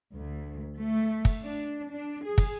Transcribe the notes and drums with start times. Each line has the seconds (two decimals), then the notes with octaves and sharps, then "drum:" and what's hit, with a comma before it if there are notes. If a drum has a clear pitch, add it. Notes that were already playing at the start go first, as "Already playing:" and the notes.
0.14 D2
0.75 A3
1.25 drum: kick
1.44 D4
1.89 D4
2.23 G#4
2.38 drum: kick